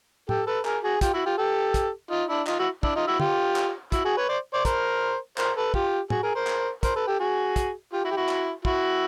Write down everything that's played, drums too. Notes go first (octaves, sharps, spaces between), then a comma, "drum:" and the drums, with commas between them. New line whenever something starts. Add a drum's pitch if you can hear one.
G4 A4, drum: tom A2
A4 B4
G#4 A#4, drum: clap
F#4 G#4
F4 G4, drum: kick, hi-hat
E4 F#4
F4 G4
G4 A4
drum: kick, hi-hat
D#4 F4
D4 E4
D#4 F4, drum: clap
E4 F#4
D4 E4, drum: kick
D#4 F4
E4 F#4
F4 G4, drum: tom
drum: clap
E4 F#4, drum: kick, hi-hat
F#4 G#4
B4 C#5
C5 D5
C5 D5
A#4 C5, drum: kick, hi-hat
A#4 C5, drum: clap
A4 B4
F4 G4, drum: kick
F#4 G#4, drum: tom
G#4 A#4
A#4 C5
drum: clap
A#4 C5, drum: kick, hi-hat
A4 B4
G4 A4
F#4 G#4
drum: kick, hi-hat
F4 G4
E4 F#4
G4
E4 F#4
drum: clap
E4 F#4, drum: kick